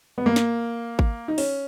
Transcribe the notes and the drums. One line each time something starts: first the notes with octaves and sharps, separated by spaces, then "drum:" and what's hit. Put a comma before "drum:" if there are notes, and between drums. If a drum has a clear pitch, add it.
B3
A#3
drum: snare
drum: kick G#1
D#4
C#4, drum: open hi-hat